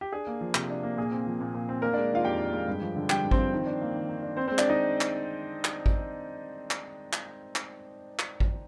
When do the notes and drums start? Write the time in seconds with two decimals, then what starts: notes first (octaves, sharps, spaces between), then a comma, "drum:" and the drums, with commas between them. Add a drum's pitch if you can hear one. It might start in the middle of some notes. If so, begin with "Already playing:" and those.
0.01 G4
0.12 D4 G#4
0.27 A#3
0.41 F3
0.55 C3, drum: clap
0.70 D4
0.83 A#3
0.97 A#2 G#4
1.11 C4
1.27 F3
1.41 A#2
1.54 A#2
1.69 C4
1.82 A#3 D4 A#4
1.93 G#3 D4 D5
2.11 D#3 F4 F5
2.25 F2 G4 G5
2.40 D4
2.53 G#3
2.68 G2
2.81 F3
2.96 D3
3.10 G2 G4 G5, drum: clap
3.24 G2
3.31 C4 C5, drum: kick G#1
3.38 F3
3.53 D#3
3.66 D4
3.81 A#3
3.95 D#3
4.09 D#3
4.23 D4
4.37 C4 C5
4.48 G#3 C4 C5
4.58 D4 D5, drum: clap
4.66 D#3 D#4 D#5
5.01 drum: clap
5.65 drum: clap
5.86 drum: kick G#1
6.71 drum: clap
7.13 drum: clap
7.56 drum: clap
8.19 drum: clap
8.40 drum: kick G#1